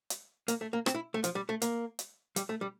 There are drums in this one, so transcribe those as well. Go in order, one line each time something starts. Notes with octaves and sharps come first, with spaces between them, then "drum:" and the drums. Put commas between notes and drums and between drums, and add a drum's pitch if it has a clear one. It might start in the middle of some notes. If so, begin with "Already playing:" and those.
drum: hi-hat
A#3, drum: hi-hat
A3
A#3
C4, drum: rim click
E4
A3
F3, drum: hi-hat
G3
A3
A#3, drum: hi-hat
drum: hi-hat
G3, drum: hi-hat
A3
G3